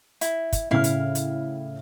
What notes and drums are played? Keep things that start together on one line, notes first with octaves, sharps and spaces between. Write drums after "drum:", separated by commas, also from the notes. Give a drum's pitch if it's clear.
E4, drum: hi-hat
drum: kick, hi-hat
A2 C#3 E4 F5 F6
drum: hi-hat
drum: hi-hat